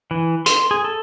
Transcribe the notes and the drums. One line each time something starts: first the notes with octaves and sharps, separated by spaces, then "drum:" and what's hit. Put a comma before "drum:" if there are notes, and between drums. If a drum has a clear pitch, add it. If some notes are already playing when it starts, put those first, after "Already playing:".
E3
C6, drum: hi-hat
G#4
A4